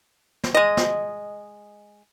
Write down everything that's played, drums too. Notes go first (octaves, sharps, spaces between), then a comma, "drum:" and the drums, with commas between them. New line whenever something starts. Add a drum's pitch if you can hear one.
drum: snare
G#3 D#5
drum: snare